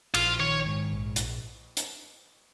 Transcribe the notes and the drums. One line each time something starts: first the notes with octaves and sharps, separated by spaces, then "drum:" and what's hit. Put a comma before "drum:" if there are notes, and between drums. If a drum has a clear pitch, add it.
A#1 F4, drum: cymbal
D#3 C#5
G#2
A#1
A#1, drum: hi-hat
drum: hi-hat